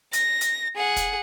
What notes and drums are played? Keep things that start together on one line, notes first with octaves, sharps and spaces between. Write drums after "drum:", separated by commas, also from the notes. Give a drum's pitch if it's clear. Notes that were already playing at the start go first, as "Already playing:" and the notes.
A#6, drum: hi-hat
drum: hi-hat
G#4 F#5
drum: kick, hi-hat